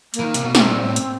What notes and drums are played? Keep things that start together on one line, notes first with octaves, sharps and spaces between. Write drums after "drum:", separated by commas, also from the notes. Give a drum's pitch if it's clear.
A#3, drum: hi-hat
E3
D#3
C3, drum: hi-hat
B2
B2 C4, drum: snare
A#2
A2
drum: hi-hat